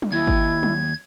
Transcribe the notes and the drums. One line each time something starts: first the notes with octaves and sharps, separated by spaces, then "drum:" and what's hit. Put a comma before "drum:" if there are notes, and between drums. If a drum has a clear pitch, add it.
drum: tom F#3
D#2 E4 G#6
drum: kick G#1
drum: tom F#3